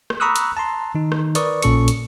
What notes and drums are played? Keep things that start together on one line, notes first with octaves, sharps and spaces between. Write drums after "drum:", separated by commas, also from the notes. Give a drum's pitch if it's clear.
drum: rim click
A#5 B5 C#6 D#6 E6 F#6
drum: hi-hat
A5 A#5 C6
D#3 D#4
drum: rim click
A#4 B4 D5 C#6 D#6, drum: hi-hat
A#1 A#2 C#4 A4 C#6 C#7, drum: hi-hat
drum: hi-hat